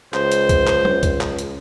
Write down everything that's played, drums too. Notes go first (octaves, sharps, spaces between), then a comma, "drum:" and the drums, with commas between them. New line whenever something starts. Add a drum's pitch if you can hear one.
C#2 C5, drum: clap
drum: hi-hat
drum: kick C2, hi-hat
drum: clap
drum: tom
drum: kick C2, hi-hat
drum: clap
drum: hi-hat